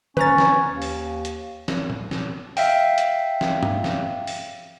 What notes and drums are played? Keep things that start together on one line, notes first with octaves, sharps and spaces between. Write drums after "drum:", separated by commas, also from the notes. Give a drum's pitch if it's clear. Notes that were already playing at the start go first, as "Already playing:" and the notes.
C#4 B4 A#5 A6, drum: tom D3
drum: snare
D#2
drum: open hi-hat
drum: hi-hat
drum: snare
drum: tom A#2
drum: snare
E5 F5 G5, drum: open hi-hat
drum: hi-hat
drum: snare
drum: tom
drum: snare
drum: open hi-hat